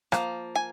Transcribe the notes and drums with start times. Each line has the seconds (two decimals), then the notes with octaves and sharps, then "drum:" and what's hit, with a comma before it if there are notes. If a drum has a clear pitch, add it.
0.12 F3 A#3, drum: rim click
0.56 G#5